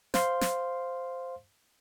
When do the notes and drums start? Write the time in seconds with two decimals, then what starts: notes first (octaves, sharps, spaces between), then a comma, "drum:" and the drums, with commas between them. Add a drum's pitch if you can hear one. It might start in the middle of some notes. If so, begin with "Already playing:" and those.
0.14 C5 F5 C6, drum: snare
0.41 drum: snare